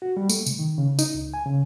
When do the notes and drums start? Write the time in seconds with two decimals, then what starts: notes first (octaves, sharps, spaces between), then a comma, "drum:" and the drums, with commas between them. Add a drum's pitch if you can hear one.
0.02 F#4
0.17 G3
0.29 A3, drum: tambourine
0.46 C3, drum: tambourine
0.59 D#3
0.78 C#3
0.99 D#4, drum: tambourine
1.14 C#2
1.34 G#5
1.46 C#3